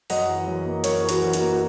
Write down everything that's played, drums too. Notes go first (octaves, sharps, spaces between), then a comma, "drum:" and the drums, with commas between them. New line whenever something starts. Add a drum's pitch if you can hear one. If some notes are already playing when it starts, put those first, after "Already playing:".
F#2 D#5 F#5, drum: open hi-hat
E3
F#2
A#3
F#2 A#4 C#5, drum: hi-hat
E3
F#4 A#4, drum: hi-hat
F#2
F#4, drum: hi-hat
A#3
F#4